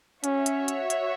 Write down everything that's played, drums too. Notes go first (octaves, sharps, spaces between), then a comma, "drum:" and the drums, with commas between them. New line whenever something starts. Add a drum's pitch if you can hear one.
C#4 F#4 C#5 E5, drum: hi-hat
drum: hi-hat
drum: hi-hat
drum: hi-hat